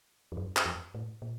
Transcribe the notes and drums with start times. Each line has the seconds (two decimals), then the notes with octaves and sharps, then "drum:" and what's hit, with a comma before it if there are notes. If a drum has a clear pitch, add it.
0.32 F2
0.37 F#2
0.57 drum: clap
0.66 F2
0.94 A2
1.22 A#2